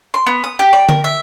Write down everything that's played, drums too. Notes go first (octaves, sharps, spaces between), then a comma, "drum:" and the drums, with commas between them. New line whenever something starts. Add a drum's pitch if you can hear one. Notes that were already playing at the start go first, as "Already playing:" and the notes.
C6
B3
D#6
G4
D5
A#4, drum: tom D3
E5